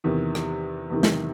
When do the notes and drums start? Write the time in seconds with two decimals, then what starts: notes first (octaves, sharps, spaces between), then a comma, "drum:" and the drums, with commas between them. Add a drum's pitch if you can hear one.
0.04 E2 C3 D#3
0.35 drum: rim click
0.90 E2 C3 D#3
1.03 drum: snare